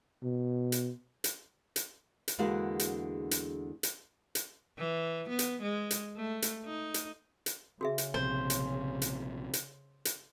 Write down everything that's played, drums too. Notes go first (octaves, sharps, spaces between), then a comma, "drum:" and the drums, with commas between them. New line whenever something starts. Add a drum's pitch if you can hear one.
B2
drum: hi-hat
drum: hi-hat
drum: hi-hat
drum: hi-hat
E2 D3 G#3 A#3 F#4 F#5
drum: hi-hat
drum: hi-hat
drum: hi-hat
drum: hi-hat
E3
B3
drum: hi-hat
G#3
drum: hi-hat
A3
drum: hi-hat
D#4
drum: hi-hat
drum: hi-hat
C#3 F#4 G#4 E5
drum: hi-hat
A#1 C3 C5
drum: hi-hat
drum: hi-hat
drum: hi-hat
drum: hi-hat